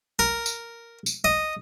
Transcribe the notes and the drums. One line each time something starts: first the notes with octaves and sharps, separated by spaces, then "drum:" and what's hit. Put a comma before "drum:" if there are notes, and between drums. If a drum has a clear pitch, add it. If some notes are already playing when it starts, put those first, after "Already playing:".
A#4
drum: tambourine
drum: tambourine
D#5